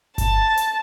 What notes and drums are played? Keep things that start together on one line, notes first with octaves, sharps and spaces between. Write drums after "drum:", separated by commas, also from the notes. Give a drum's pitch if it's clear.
A5, drum: kick G1, hi-hat
drum: hi-hat